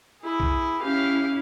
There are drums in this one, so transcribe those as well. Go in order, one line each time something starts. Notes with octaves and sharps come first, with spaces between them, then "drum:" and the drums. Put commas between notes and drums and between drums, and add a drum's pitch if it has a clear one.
E4 G#4
drum: kick B1
C#4 E4 G4 F5